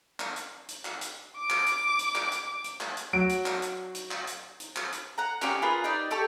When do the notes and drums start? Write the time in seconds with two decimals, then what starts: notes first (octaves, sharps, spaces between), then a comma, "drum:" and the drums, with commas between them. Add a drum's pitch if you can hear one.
0.20 drum: clap
0.36 drum: hi-hat
0.69 drum: hi-hat
0.85 drum: clap
1.01 drum: hi-hat
1.38 D6
1.50 drum: clap
1.66 drum: hi-hat
1.99 drum: hi-hat
2.15 drum: clap
2.32 drum: hi-hat
2.64 drum: hi-hat
2.80 drum: clap
2.97 drum: hi-hat
3.13 F#3 D7
3.29 drum: hi-hat
3.46 drum: clap
3.62 drum: hi-hat
3.95 drum: hi-hat
4.11 drum: clap
4.27 drum: hi-hat
4.60 drum: hi-hat
4.76 drum: clap
4.92 drum: hi-hat
5.18 F#5 A#5
5.42 C#4 G4 F5 C#6, drum: clap
5.62 F4 G#4 A#4 B4
5.84 D#4 G4 D5
6.11 G4 A4 A5 C#6